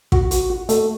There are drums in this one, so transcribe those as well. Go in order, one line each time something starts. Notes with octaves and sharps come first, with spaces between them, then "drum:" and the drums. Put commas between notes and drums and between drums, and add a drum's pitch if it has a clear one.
F#4, drum: kick
F#4, drum: hi-hat
F#4
A3, drum: hi-hat